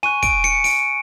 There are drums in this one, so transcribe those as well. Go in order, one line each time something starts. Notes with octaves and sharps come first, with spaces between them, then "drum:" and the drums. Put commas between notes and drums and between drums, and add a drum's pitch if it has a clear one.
G#5 C#6 F#6 D#7
D7, drum: kick, hi-hat
C#7
D7, drum: open hi-hat